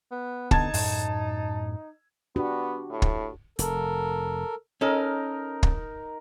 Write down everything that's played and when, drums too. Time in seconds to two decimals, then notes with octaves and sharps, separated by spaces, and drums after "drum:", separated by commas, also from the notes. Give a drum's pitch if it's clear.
0.11 B3
0.51 D3 B3 D4 D#4 A5 G#6, drum: kick
0.74 F#2 A2, drum: open hi-hat
2.36 B3 D4 F#4 G4
2.90 A2
3.02 drum: kick
3.59 F1 A4 A#4, drum: hi-hat
4.81 C#4 D#4 A4 A#4
5.63 drum: kick